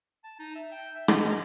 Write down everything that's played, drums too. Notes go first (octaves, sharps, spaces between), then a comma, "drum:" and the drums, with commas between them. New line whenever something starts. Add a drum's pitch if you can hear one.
A5
D#4
E5
G5
E5
D#5, drum: rim click
A#5